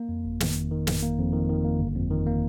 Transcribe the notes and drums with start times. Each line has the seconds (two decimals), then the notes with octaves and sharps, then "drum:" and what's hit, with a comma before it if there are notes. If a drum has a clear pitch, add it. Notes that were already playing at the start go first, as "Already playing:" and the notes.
Already playing: A#3
0.09 F2
0.25 G1
0.40 D#3, drum: snare
0.56 F2
0.72 D#3
0.87 G1, drum: snare
1.02 A#3
1.18 F2
1.33 D#3
1.49 D#3
1.64 A#3
1.80 G1
1.95 F2
2.11 D#3
2.26 A#3